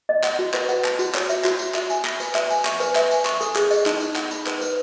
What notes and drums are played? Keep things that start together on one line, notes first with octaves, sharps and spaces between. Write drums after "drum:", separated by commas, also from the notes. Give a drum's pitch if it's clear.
D#5
F#5, drum: clap
F#4
B4, drum: clap
F#5, drum: tambourine
A5, drum: clap
F#4, drum: tambourine
C#5, drum: clap
E5, drum: tambourine
F#4, drum: clap
F#4, drum: tambourine
E5, drum: clap
G#5, drum: tambourine
B5, drum: clap
B4, drum: tambourine
E5, drum: clap
G#5, drum: tambourine
C#6, drum: clap
B4, drum: tambourine
E5, drum: clap
G#5, drum: tambourine
C#6, drum: clap
A4, drum: tambourine
G#4, drum: clap
D#5, drum: tambourine
D#4, drum: clap
D#4, drum: tambourine
F#5, drum: clap
B5, drum: tambourine
B4, drum: clap
B4, drum: tambourine